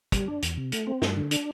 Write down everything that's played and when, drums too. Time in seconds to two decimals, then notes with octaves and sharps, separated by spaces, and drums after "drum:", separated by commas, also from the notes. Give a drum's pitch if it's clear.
0.12 G3, drum: kick, hi-hat
0.28 D4
0.42 E2, drum: hi-hat
0.57 C3
0.72 A3, drum: hi-hat
0.87 C4
1.02 G2, drum: snare
1.16 D3
1.31 D4, drum: hi-hat